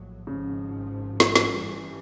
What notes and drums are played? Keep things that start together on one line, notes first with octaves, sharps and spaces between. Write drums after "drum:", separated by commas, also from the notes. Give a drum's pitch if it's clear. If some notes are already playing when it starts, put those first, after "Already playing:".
Already playing: A#1 A2 F#3
G#1 G#2 C#3 F3
drum: snare
drum: snare
G2 E3 G3